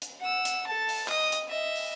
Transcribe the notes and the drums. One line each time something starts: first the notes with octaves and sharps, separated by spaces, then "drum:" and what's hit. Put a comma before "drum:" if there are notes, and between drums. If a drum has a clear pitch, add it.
drum: hi-hat
F#5 E6
drum: hi-hat
A4 A5
drum: open hi-hat
D#5 D#6, drum: clap
drum: hi-hat
D#5 E5
drum: open hi-hat